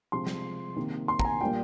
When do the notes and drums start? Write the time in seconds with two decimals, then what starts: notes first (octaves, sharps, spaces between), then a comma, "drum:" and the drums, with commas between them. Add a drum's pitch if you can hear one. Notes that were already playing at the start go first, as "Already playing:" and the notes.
0.12 C3 F3 G#3 C6
0.27 drum: snare
0.76 C3 D#3 A#3
1.08 C6
1.19 A#5, drum: kick
1.25 G#5
1.41 A#2 G3 A#3 G5